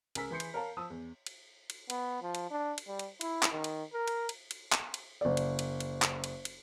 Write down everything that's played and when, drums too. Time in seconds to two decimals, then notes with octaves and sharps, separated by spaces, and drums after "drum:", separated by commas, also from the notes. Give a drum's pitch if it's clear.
0.15 C#2 G#4 A#4 E6 B6, drum: cymbal
0.31 E3 G#4 C6 G6 C7 C#7
0.40 drum: cymbal
0.54 A#4 C#5 F5 A5 A#5
0.77 F3 A5 D#6 E6
0.90 E2
1.26 drum: cymbal
1.70 drum: cymbal
1.90 B3, drum: cymbal
2.22 F3
2.35 drum: cymbal
2.51 D4
2.78 drum: cymbal
2.88 G3
2.99 drum: cymbal
3.21 E4, drum: cymbal
3.43 drum: clap
3.52 D#3
3.64 drum: cymbal
3.93 A#4
4.08 drum: cymbal
4.29 drum: cymbal
4.51 drum: cymbal
4.72 drum: clap
4.94 drum: cymbal
5.21 F#1 D5
5.37 drum: cymbal
5.59 drum: cymbal
5.80 drum: cymbal
6.02 drum: clap
6.24 drum: cymbal
6.45 drum: cymbal